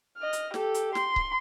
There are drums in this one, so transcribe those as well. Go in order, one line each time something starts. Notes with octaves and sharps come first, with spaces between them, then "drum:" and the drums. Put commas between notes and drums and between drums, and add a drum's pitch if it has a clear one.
D#5 F6
drum: hi-hat
G4 A4, drum: snare
drum: hi-hat
C6, drum: snare
drum: kick C#1